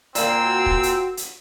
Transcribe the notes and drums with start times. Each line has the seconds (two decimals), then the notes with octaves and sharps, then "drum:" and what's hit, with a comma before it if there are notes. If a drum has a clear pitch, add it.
0.15 A#2 A#3 C4 D5 E6, drum: hi-hat
0.45 F#4
0.66 drum: kick
0.83 drum: hi-hat
1.17 drum: hi-hat